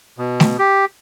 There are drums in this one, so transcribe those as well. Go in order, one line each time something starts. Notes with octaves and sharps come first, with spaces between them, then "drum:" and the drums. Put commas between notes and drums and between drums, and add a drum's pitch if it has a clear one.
B2
drum: snare A3
G4